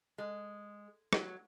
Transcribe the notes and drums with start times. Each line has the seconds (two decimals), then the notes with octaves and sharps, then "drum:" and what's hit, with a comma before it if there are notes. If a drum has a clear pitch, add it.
0.18 G#3
1.13 F#3, drum: rim click